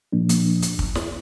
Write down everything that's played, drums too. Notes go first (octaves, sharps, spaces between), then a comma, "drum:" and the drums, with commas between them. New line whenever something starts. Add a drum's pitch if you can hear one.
A#2 F3 A#3 D4
drum: hi-hat
drum: hi-hat
drum: kick
drum: snare